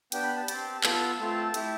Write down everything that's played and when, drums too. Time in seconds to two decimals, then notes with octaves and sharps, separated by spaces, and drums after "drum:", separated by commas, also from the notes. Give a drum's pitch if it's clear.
0.12 B3 D4 G4 G5, drum: hi-hat
0.24 B5
0.36 A5
0.48 C4 G4 A5, drum: hi-hat
0.84 B3 F4 A4, drum: clap
1.19 A3 C4 F4 A4
1.54 A3 E4 G4, drum: hi-hat